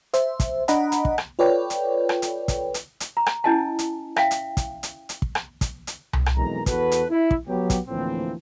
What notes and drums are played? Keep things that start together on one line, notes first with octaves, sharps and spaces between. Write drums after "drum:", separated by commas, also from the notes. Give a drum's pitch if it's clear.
C5 E5, drum: hi-hat
drum: kick, hi-hat
D4 D#5 F#5 A#5 B5, drum: hi-hat
drum: hi-hat
drum: kick
drum: rim click
F4 A4 B4 C#5 D5 G5
drum: hi-hat
drum: rim click
drum: hi-hat
drum: kick, hi-hat
drum: hi-hat
drum: hi-hat
A#5
drum: rim click
C#4 E4 D#5 G#5 A5
drum: hi-hat
E5 F5 G5, drum: rim click
drum: hi-hat
drum: kick, hi-hat
drum: hi-hat
drum: hi-hat
drum: kick
drum: rim click
drum: kick, hi-hat
drum: hi-hat
drum: tom C2
drum: rim click
B1 F2 E3 G#3 A#4 A#5
E2 F#4 A4 B4, drum: kick, hi-hat
drum: hi-hat
E4
drum: kick
F#3 B3 G4
drum: kick, hi-hat
D2 A2 E3 F3 A#3 C4